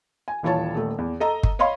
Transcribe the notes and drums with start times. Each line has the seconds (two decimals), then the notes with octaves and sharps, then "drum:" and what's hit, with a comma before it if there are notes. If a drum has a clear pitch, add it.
0.28 G#5
0.43 D#1 E3 F4 C#5 A5
0.75 D#1 A3
0.98 E2
1.20 A4 D#5 A#5
1.43 drum: kick
1.59 C#5 D#5 F5 B5 C6